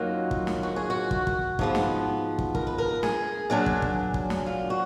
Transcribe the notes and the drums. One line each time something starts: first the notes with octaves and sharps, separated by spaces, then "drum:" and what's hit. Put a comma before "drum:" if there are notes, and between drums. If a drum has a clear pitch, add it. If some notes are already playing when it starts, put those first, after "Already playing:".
Already playing: F#2 D#3 F#3 A#3 F4 F#4
drum: kick
drum: snare
F#4
G#4
F#4
drum: kick
drum: kick
G#2 F3 B3, drum: kick
drum: snare
drum: kick
A#4, drum: kick
B4
A#4
G#4, drum: snare
A#2 F#3 D4
drum: kick
drum: kick
drum: kick
drum: snare
F4
F#4